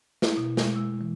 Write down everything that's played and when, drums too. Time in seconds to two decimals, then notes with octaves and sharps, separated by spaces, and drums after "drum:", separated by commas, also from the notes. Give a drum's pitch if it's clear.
0.22 E4, drum: snare
0.37 B2
0.57 G#3, drum: snare
0.76 E6
1.01 E3